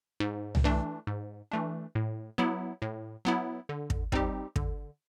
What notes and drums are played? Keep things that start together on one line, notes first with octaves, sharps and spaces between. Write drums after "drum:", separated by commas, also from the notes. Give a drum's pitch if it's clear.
G#2
drum: tom
E3 A3 D4
G#2
E3 A3 D4
A2
F#3 B3 E4
A2
F#3 B3 E4
D3
drum: kick
G3 C4 D#4 G4, drum: kick
D3, drum: kick